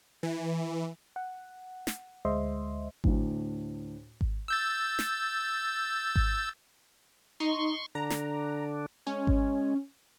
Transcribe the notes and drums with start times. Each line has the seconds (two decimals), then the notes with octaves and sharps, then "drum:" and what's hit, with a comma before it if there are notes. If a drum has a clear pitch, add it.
0.23 E3
1.16 F#5
1.87 drum: snare
2.25 D2 G#3 C5 D#5 E5 C6
3.04 D2 A2, drum: kick G#1
4.21 drum: kick G#1
4.48 E6 G6 A6
4.99 drum: snare
6.16 drum: kick G#1
7.40 D#4 C6 C#6
7.95 D3 D4 A#5
8.10 drum: snare
9.07 G#3 C#4
9.27 drum: kick G#1